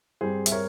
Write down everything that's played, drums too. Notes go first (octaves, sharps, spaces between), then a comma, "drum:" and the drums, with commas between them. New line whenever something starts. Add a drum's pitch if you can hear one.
G2 G3 C4 G#4 C5
E5, drum: hi-hat
A#4 C#5